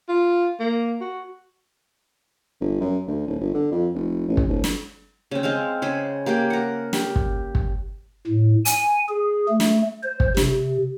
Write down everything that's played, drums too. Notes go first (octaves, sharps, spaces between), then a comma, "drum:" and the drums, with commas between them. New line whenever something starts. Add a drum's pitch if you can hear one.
F4
A#3
F#4
G1
F#2
D2
D1
G1
D3
F2
F1
A1
drum: kick
D1
drum: snare
C#3 C4
G#3 C4 C5 F5
C#3 G#4 C5 B5
A#3 G4 G#4 G5
A#4 F#5
G4, drum: snare
drum: kick
drum: kick
A2
G#5, drum: hi-hat
G#4
A3
drum: snare
C5
drum: kick
C3, drum: snare